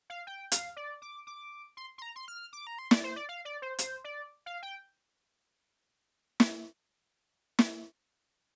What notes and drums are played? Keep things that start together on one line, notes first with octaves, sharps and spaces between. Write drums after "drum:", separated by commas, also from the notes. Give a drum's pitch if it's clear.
F5
G5
F5, drum: hi-hat
D5
D6
D6
C6
C6
A#5
C6
F6
D6
A#5
C6
D5, drum: snare
C5
D5
F5
D5
C5
C5, drum: hi-hat
D5
F5
G5
drum: snare
drum: snare